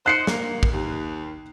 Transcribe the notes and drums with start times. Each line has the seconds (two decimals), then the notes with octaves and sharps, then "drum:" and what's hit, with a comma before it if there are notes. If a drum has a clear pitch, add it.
0.06 D#4 C5 F#6 C7 C#7
0.27 A#3, drum: snare
0.63 drum: kick
0.72 D#2